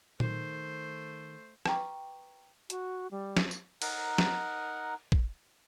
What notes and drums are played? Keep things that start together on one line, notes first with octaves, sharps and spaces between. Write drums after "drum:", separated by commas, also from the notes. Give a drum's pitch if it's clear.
D#3 A3 C5, drum: tom A#2
F#4 B4 G5 A#5 C#6 D6, drum: rim click
F#4, drum: hi-hat
G3
drum: snare
drum: tambourine
D#4 A#4 F#5, drum: cymbal
drum: snare
drum: kick